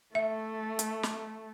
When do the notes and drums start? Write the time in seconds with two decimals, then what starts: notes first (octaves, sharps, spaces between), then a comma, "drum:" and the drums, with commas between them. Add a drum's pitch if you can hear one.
0.15 A3 E5
0.79 drum: hi-hat
1.03 drum: snare